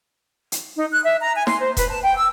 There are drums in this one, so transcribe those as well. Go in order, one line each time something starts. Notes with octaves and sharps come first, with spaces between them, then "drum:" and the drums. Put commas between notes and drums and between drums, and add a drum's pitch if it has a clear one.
drum: hi-hat
D#4
F#6
E5
A#5
G#5
C6, drum: snare
C5
B4, drum: kick E1, hi-hat
A5
G5
E6